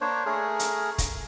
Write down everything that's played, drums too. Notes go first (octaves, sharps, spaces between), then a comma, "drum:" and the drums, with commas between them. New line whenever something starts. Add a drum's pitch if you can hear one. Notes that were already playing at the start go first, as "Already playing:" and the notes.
A#3 D4 C5 C#5
A3 G#4 A#4
drum: hi-hat
drum: kick, hi-hat